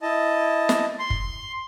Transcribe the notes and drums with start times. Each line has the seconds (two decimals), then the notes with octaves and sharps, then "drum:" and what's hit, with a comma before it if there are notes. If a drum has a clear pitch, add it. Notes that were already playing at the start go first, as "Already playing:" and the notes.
0.02 E4 D#5 A5
0.69 drum: snare
0.99 C6
1.10 drum: kick